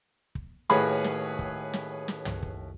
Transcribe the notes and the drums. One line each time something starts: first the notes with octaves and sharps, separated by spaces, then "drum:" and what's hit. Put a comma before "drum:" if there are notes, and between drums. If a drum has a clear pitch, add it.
drum: kick
D#2 A2 G#4 B4 C#5 B5, drum: snare
drum: snare
drum: kick
drum: snare
drum: snare
drum: tom
drum: kick